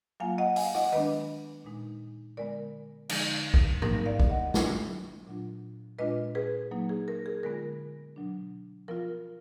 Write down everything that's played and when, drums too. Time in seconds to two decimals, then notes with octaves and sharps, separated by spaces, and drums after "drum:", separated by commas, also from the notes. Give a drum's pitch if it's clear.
0.20 F#3 A#3 F4 F5 G#5
0.38 D#5 F#5
0.56 F5 G#5, drum: open hi-hat
0.75 D#5 F#5, drum: rim click
0.92 D#3 G#3 B3 D4 B4 D#5
1.65 A#2 G#3 D#4
2.37 D3 G#3 B3 A#4 D5
3.09 D3 F3 G#3 D#4, drum: cymbal
3.54 drum: kick A#1
3.82 F3 A#3 D#4 A#4, drum: tom G#2
4.06 D5 F5
4.20 drum: kick A#1
4.30 D#5 F#5
4.54 F#3 B3 D4 F4, drum: snare
5.27 A#2 F#3 D4 F4
5.99 A#2 G#3 D4 F4 B4 D#5
6.35 G#4 B4
6.71 F#3 A#3 D#4
6.89 G#4
7.08 A#4
7.26 G#4
7.43 D3 G#3 B3 F4 A#4
8.16 B2 F#3 D4
8.88 F3 B3 F4 A#4